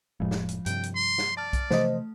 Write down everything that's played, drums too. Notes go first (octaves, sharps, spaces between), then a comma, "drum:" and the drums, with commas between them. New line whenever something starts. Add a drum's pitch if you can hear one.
F1 A2 F3 G#3
drum: snare
drum: hi-hat
G2 C3 G5, drum: hi-hat
drum: hi-hat
C6
drum: snare
D5 A5 F6
drum: kick B1, hi-hat
C3 E3 F3 A3 C5 D#5, drum: snare